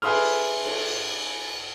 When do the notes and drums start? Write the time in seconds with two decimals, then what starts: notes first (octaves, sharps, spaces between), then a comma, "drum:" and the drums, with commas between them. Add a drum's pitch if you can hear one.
0.02 G#4 B4 E5 C6 D#6 F6, drum: cymbal
0.65 drum: cymbal